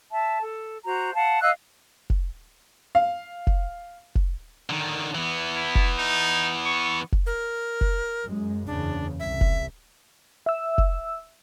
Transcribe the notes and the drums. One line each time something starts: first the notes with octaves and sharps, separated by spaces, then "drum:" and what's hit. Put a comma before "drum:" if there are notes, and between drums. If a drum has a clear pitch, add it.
E5 A5
A4
F#4 C5 A#5
F5 F#5 A5
D#5 F5 E6 F#6
drum: kick F1
F5
drum: kick F1
drum: kick F1
D3 D#3
E3 B3
E4
drum: kick F1
D#4
C#6
drum: kick F1
A#4
drum: kick F1
F#2 G#3
F#1 E2 C#3 D4
C2 E5
drum: kick F1
E5 E6
drum: kick F1